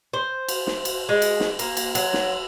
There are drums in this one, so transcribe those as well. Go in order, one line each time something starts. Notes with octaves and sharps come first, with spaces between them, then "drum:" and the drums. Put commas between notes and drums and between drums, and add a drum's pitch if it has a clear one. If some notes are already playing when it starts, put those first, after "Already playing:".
C5
drum: cymbal
drum: snare
drum: cymbal
G#3
drum: cymbal
drum: snare
A#3, drum: cymbal
drum: cymbal
F#3, drum: cymbal
drum: snare